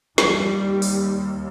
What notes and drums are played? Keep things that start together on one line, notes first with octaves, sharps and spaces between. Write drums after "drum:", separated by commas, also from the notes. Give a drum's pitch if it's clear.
D#2 G3, drum: snare
drum: open hi-hat